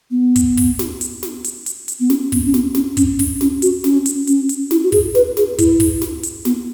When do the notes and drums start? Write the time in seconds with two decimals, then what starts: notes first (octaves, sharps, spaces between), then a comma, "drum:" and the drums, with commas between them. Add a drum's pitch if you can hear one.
0.11 B3
0.36 drum: kick, hi-hat
0.57 drum: kick, open hi-hat
0.79 drum: snare
1.01 drum: hi-hat
1.23 drum: snare
1.44 drum: hi-hat
1.66 drum: hi-hat
1.88 drum: hi-hat
2.00 B3
2.10 C#4, drum: snare
2.32 B3, drum: kick, open hi-hat
2.46 C#4
2.54 B3, drum: snare
2.75 C#4, drum: snare
2.97 C#4, drum: kick, hi-hat
3.19 C#4, drum: kick, open hi-hat
3.41 C#4, drum: snare
3.62 F#4, drum: hi-hat
3.84 C#4, drum: snare
4.06 drum: hi-hat
4.27 C#4, drum: hi-hat
4.49 drum: hi-hat
4.71 E4, drum: snare
4.83 F#4
4.92 G#4, drum: kick, open hi-hat
5.15 B4, drum: snare
5.37 G#4, drum: snare
5.58 E4, drum: kick, hi-hat
5.80 drum: kick, open hi-hat
6.02 drum: snare
6.23 drum: hi-hat
6.45 B3, drum: snare